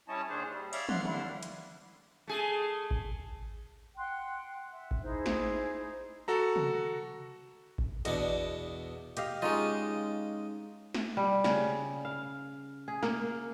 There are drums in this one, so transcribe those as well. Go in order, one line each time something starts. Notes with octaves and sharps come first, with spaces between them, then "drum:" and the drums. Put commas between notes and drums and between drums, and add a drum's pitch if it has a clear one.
G3 C#4 E4 C#5 D#5 A5
D#2 D#3 G#3 D4 G#4 C5
G3
C#5 D5 E5 F5, drum: cymbal
F5 F#5 C6 F6 F#6, drum: tom
D3 G3 C4 D4 E4, drum: tom
drum: hi-hat
A3 G#4
drum: kick G#1
F#5 G5 C6 F#6
E5
drum: kick G#1
D#4 E4 G#4 C5
drum: snare
F#4 A4 A#5
drum: tom
drum: kick G#1
E2 B2 D4 D#5, drum: hi-hat
G4 D#5 F5, drum: hi-hat
G#3 C#4 D#4 F4 D#5
drum: snare
G3
C#3, drum: snare
F5
G#4
A#3, drum: snare